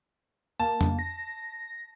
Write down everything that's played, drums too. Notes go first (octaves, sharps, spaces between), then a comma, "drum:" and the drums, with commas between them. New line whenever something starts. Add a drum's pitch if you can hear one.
A#3 A5
drum: tom F2
A#6